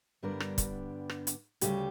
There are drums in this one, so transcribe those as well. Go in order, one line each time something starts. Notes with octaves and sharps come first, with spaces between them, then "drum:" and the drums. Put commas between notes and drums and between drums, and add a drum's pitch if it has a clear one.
G2 D3 G3 B3 D4 A#4
drum: rim click
drum: kick, hi-hat
drum: rim click
drum: hi-hat
D2 C#3 G3 G4, drum: hi-hat